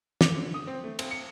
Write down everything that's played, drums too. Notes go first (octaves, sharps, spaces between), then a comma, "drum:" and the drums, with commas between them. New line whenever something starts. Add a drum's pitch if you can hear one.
D6, drum: snare
D3
D#6
C4
A3
C4, drum: cymbal
C#7